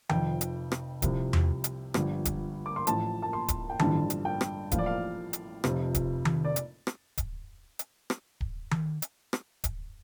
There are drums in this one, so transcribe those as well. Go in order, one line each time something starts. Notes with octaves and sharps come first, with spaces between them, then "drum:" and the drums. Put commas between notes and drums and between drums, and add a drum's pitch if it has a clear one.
F1 F2 F3 G5, drum: tom D#3
drum: hi-hat
drum: rim click
C2 C3 F3, drum: kick D1, hi-hat
drum: tom E2
drum: hi-hat
G1 G2 F3, drum: rim click
drum: kick D1, hi-hat
D6
C6
A1 A2 F3 A5, drum: hi-hat
A5
C6
drum: kick D1, hi-hat
G5
A1 G2 D3 F3 A5, drum: tom D#3
drum: hi-hat
G5
drum: rim click
A1 A2 F3 F5, drum: kick D1, hi-hat
D5
F5
drum: hi-hat
F1 F2 C3 F3, drum: rim click
drum: kick D1, hi-hat
drum: tom D#3
D5
drum: hi-hat
drum: rim click
drum: kick D1, hi-hat
drum: hi-hat
drum: rim click
drum: kick D1
drum: tom D#3
drum: hi-hat
drum: rim click
drum: kick D1, hi-hat